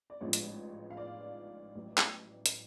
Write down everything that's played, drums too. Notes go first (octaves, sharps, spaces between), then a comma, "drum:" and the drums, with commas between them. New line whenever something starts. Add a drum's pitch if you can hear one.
D5
A1 G#2 F3 B3 D4 C#5
drum: hi-hat
F5
D5
A1 A2 F#3
drum: clap
drum: hi-hat